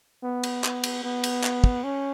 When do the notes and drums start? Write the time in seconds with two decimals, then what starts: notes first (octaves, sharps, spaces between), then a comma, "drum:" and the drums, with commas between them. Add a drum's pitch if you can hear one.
0.23 B3
0.43 drum: cymbal
0.64 B3, drum: clap
0.84 drum: cymbal
1.04 B3
1.24 drum: cymbal
1.44 drum: clap
1.64 drum: kick
1.84 C#4